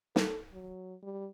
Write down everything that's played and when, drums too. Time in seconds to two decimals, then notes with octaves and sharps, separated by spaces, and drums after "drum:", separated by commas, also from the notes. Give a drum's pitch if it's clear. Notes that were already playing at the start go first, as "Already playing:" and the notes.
0.16 A4, drum: snare
0.52 F#3
1.03 G3